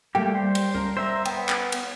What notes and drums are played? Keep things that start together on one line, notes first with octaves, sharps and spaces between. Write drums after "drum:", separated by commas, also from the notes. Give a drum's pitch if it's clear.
G3 A3 A#3 G4 G5
C5
drum: cymbal
C#2 A#4
C5 E5 A#5 E6
B3 G5 D#6, drum: cymbal
drum: clap
drum: cymbal